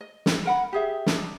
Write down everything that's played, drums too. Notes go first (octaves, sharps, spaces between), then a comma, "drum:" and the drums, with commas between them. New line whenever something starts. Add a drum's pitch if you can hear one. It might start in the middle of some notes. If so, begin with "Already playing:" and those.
D#5
drum: snare
A#4 F#5 B5
G4 G#4 E5
D4 D#4, drum: snare